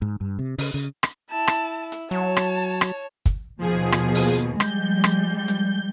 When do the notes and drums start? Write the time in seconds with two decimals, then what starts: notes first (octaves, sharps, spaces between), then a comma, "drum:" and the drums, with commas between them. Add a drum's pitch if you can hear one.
0.02 G#2
0.21 G2
0.39 C3
0.58 C#3, drum: open hi-hat
0.74 C#3
1.03 drum: rim click
1.31 E4 A5
1.47 drum: rim click
1.92 drum: hi-hat
2.11 F#3 C#5 A5
2.37 drum: rim click
2.81 drum: rim click
3.26 drum: kick, hi-hat
3.59 D#2 B2 F3 G#4
3.92 drum: rim click
4.15 drum: open hi-hat
4.60 F3 G3 G#3 G6, drum: rim click
5.04 drum: rim click
5.48 drum: hi-hat